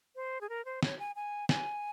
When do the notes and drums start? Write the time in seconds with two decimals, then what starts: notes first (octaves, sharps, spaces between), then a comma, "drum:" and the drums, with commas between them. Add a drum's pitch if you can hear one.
0.16 C5
0.41 G#4
0.49 A#4
0.65 C5
0.83 C#5, drum: snare
0.99 G#5
1.16 G#5
1.49 G#5, drum: snare